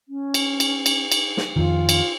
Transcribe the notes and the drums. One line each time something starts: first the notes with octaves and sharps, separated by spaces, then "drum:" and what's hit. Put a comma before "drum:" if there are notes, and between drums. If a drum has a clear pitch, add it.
C#4
drum: cymbal
drum: cymbal
drum: cymbal
drum: cymbal
drum: snare
F2 D#3 F4
drum: cymbal